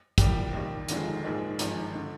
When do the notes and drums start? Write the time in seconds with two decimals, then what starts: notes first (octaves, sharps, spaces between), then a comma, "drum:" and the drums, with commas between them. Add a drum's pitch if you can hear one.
0.18 C2 A#2 G3 G4, drum: kick, hi-hat
0.53 D#2 D#3 G3
0.88 F1 D#2 D3 F3 G#3 F4, drum: hi-hat
1.06 D#4
1.24 A#1 G#2 D#3 G#3
1.59 G#1 G2 F3 G#3, drum: hi-hat
1.95 D3